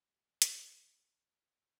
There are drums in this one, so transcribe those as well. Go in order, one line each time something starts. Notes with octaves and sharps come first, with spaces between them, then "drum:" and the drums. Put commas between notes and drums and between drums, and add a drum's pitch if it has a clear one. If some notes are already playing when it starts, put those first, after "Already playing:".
Already playing: E3 A3 C4 E4 G4
F#2 D3 F3 G#3, drum: hi-hat